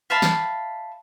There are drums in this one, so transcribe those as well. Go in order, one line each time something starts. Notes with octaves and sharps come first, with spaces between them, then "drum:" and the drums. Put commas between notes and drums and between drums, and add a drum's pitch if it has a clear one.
E5 F5 A5 B5
drum: snare